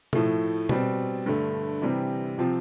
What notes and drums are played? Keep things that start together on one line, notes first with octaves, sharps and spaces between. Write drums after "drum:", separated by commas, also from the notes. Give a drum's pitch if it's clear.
A2 F3 A3, drum: tom B2
B2 G3 C4, drum: tom B2
G2 D3 A3
C3 E3 G3 C4
C3 F3 C4 F4